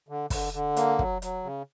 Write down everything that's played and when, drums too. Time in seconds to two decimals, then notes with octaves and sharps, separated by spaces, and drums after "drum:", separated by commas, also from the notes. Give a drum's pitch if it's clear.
0.09 D3
0.30 D3, drum: kick, open hi-hat
0.53 D3
0.76 A#3, drum: hi-hat
0.99 F#3, drum: kick
1.22 F#3, drum: hi-hat
1.44 C#3